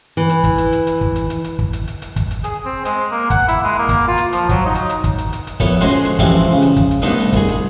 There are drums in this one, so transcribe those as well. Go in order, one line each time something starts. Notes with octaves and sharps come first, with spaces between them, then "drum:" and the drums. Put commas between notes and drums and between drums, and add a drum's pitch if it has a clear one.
E3
drum: hi-hat
drum: kick, hi-hat
drum: hi-hat
drum: hi-hat
drum: hi-hat
drum: kick
drum: hi-hat
drum: hi-hat
drum: hi-hat
drum: kick
drum: hi-hat
drum: hi-hat
drum: hi-hat
drum: kick, hi-hat
drum: hi-hat
G#4, drum: hi-hat
C4
G#3, drum: hi-hat
A#3
F#5, drum: kick, hi-hat
E4, drum: hi-hat
G#3
A#3
drum: kick, hi-hat
F4
drum: hi-hat
F3, drum: hi-hat
F#3, drum: kick, hi-hat
D#4
drum: hi-hat
drum: hi-hat
drum: kick, hi-hat
drum: hi-hat
drum: hi-hat
drum: hi-hat
A#1 B3 E4 A4 C#5, drum: kick, hi-hat
D3 G#3 C#4 F#4 G#4 C5
drum: hi-hat
drum: hi-hat
E3 F3 G3 G#3 C4 C#4, drum: kick, hi-hat
C#3
drum: hi-hat
drum: kick, hi-hat
drum: hi-hat
C2 A3 B3 D4 D#4 E5
drum: hi-hat
C2 G#4, drum: kick, hi-hat
drum: hi-hat